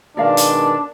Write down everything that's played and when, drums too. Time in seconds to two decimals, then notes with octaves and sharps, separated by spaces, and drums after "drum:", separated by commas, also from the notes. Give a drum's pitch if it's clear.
0.17 B2 D#3 G#3 D4 A#4 D5 F5
0.37 drum: hi-hat